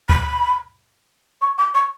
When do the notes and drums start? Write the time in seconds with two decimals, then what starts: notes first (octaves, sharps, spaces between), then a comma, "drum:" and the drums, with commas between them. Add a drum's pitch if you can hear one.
0.09 B5, drum: kick D2
1.41 C#6
1.58 D6
1.74 C#6